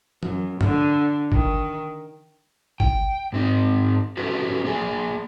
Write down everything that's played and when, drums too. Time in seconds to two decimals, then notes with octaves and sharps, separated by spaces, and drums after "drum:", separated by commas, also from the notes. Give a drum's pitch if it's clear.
0.23 F#2, drum: tom
0.61 D3, drum: tom
1.32 D#3, drum: kick G#1
2.80 G5, drum: kick G#1
3.33 G#2 C4 D#4
4.17 C#4 F#4 G4 A4 B4 C5
4.64 A#3 G#4 D5 G#5